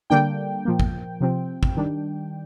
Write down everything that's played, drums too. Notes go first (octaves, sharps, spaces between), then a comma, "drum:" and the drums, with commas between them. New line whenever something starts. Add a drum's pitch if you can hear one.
D3 G3 A#3 D4 G5
A#2 F3 A#3
drum: kick
C3 F3 C4
drum: kick
D#3 G3 D4